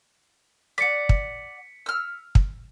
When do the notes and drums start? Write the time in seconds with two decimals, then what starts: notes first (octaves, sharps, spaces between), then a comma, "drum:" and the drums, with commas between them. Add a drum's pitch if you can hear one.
0.78 D5 F#5 B6 C#7
1.09 drum: kick
1.86 E6 F6
2.35 drum: kick